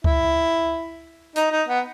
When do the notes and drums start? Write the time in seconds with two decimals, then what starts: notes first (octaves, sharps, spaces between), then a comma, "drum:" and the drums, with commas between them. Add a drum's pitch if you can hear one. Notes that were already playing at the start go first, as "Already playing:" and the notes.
0.04 E4, drum: kick C#2
1.36 D#4, drum: hi-hat
1.52 D#4
1.68 B3